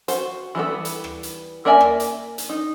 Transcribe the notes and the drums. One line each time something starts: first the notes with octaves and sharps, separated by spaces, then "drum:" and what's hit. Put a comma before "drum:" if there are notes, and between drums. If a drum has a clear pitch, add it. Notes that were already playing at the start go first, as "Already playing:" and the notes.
F#4 C5, drum: hi-hat
E3 G3 B3 A4
drum: hi-hat
drum: rim click
drum: hi-hat
A#3 A#4 D5 E5 G#5
drum: rim click
drum: hi-hat
drum: hi-hat
D#4